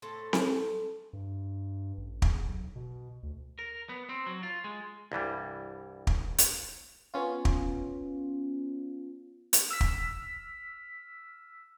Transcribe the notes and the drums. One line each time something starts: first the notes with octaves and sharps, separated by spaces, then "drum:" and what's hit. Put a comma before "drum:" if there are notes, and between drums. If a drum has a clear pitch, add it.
A2 C4 A4 A5
drum: snare C4
G2
A1
E2, drum: kick
B1
B2
D2
A#4
B3
C4
F#3
F4
G#3
C2 G2 E3 G3
drum: kick
drum: hi-hat
B3 C#4 F4
drum: kick
drum: hi-hat
E6 F6 B6
drum: kick